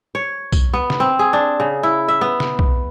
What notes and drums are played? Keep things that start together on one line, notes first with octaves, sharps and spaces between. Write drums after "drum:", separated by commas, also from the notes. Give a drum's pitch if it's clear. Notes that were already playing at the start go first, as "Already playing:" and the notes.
C#5
drum: kick, tambourine
B3
drum: snare
C4
G#4
D4
C#3
E4
E5
B3
drum: snare
drum: kick